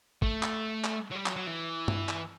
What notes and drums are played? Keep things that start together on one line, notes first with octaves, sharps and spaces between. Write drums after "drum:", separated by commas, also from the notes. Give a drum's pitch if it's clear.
A3, drum: kick
drum: clap
drum: clap
F#3
G3
F#3, drum: clap
F#3
E3
drum: tom G2
drum: clap